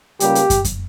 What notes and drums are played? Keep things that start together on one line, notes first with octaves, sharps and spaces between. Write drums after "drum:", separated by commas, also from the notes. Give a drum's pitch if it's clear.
C#2 C#3 G3 A#3 G4, drum: hi-hat
drum: hi-hat
drum: kick, hi-hat
drum: kick, hi-hat